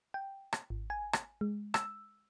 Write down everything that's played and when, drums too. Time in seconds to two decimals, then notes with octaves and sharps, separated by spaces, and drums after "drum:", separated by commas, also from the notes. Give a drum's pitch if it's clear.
0.14 G5
0.53 drum: rim click
0.70 G#1
0.90 G#5
1.13 drum: rim click
1.41 G#3
1.74 E6, drum: rim click